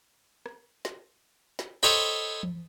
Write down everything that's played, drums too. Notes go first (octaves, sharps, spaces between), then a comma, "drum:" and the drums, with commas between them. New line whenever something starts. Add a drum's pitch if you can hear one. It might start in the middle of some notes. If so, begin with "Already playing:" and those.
drum: rim click
drum: snare
drum: snare
A4 C5 C#5 D#5 G5 B5, drum: snare
drum: tom E3